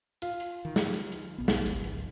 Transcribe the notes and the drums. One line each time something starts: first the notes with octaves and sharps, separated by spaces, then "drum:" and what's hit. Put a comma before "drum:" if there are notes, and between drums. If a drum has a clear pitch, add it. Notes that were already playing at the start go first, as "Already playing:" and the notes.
F4, drum: hi-hat
drum: hi-hat
D#3
drum: snare
drum: hi-hat
drum: hi-hat
B1 B3
drum: snare
G#1 C#2, drum: hi-hat
drum: hi-hat